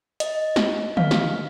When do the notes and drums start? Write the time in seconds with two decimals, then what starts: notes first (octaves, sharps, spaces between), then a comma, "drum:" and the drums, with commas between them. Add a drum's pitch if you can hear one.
0.20 D#5, drum: hi-hat
0.56 drum: snare
0.97 F5, drum: tom D3
1.11 drum: snare